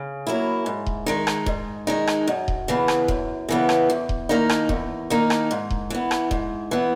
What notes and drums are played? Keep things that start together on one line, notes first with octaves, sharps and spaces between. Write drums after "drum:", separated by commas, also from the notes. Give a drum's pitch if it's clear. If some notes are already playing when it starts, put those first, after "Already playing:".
Already playing: C#3
F#3 A#3 E4
G#2
drum: kick D#1
D#3 G#3 D#4
drum: rim click
G#2, drum: kick D#1
D#3 G#3 D#4
drum: rim click
F#2
drum: kick D#1
C#3 E3 B3
drum: rim click
F#2, drum: kick D#1
C#3 E3 B3
drum: rim click
E2
drum: kick D#1
D#3 A#3 D#4
drum: rim click
E2, drum: kick D#1
D#3 A#3 D#4
drum: rim click
G#2
drum: kick D#1
E3 B3
drum: rim click
G#2, drum: kick D#1
E3 B3